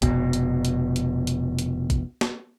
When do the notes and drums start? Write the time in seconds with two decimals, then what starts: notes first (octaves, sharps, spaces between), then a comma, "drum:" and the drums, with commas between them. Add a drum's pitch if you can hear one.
0.02 F1 B2, drum: kick, hi-hat
0.33 drum: hi-hat
0.65 drum: hi-hat
0.96 drum: hi-hat
1.27 drum: hi-hat
1.59 drum: hi-hat
1.90 drum: kick, hi-hat
2.21 drum: snare